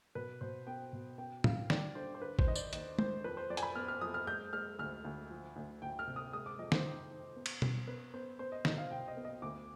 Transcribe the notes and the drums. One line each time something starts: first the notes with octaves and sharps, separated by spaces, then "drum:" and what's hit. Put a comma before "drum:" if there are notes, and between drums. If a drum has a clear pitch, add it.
B2 B4
B2 C5
B3 G5
B2
B3 G5
D#2 F5, drum: tom A2
G3 D5, drum: snare
D3 C5
C5
D3 B4
C5, drum: kick G#1
D#2 D#5
D5, drum: tambourine
D#2 D#5, drum: hi-hat
D#2 C5, drum: tom
F2 B4
C5
F2 D5
G#5, drum: hi-hat
B5
B3 F6
F6
F2 D#6
F6
G#3 G6
G#3 F6
D2 F6
D2
F3
D2
D2 G5
F6
C3
D#6
G#3 D#6
D6
F2 D#5
C5, drum: snare
D#3
D#3
B3
drum: cymbal
B3, drum: tom B2
B3 B4
B3 C5
B3 C5
D#5
B2 D#5, drum: snare
F5
C2 G5
D#5
B3
D#5
D2 D6